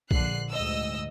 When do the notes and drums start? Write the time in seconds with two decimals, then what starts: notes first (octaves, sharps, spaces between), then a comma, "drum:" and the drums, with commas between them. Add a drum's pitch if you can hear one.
0.11 A#1 D3 F#6 C7, drum: kick
0.51 D2 G#2 D#5 E6